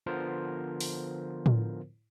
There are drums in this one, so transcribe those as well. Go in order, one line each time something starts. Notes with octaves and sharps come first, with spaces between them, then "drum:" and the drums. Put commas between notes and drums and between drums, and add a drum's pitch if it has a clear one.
D3 F3 B3 F4 A#4 C5
drum: open hi-hat
drum: tom A2